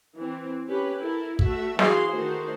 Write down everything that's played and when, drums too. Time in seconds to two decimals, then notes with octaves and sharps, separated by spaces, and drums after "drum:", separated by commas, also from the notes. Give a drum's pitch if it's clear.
0.17 E3 C4
0.69 C#4 G4 B4
1.00 E4 A4 A#4
1.39 A3 F#4 E5, drum: kick
1.79 E3 F#4 G#4 F5 C6, drum: snare
2.11 D#3 A3 D#4 F#4 C5